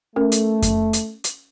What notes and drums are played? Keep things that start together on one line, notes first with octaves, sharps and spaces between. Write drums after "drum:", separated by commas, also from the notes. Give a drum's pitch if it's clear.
A3 C#4 A#4
drum: hi-hat
drum: kick F2, hi-hat
drum: hi-hat
drum: hi-hat